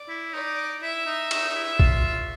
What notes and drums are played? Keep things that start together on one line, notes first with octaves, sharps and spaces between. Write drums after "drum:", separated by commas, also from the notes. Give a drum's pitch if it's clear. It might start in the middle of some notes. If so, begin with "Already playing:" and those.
Already playing: D5
E4
D#4 D5
E4 E5
D#4
D#4, drum: cymbal
D#4
E4
F4, drum: kick